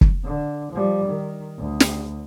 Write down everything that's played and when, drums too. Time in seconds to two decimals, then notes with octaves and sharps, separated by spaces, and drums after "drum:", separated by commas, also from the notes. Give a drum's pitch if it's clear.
0.01 drum: kick
0.24 D3
0.73 F3 G3
1.06 D#3
1.59 D2
1.80 drum: snare